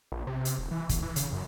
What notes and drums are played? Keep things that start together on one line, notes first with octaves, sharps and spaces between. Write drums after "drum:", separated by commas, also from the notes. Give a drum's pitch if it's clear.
A#1
C3
C3, drum: hi-hat
D#1
E3
E1, drum: kick, hi-hat
E3
C#3, drum: hi-hat
F#2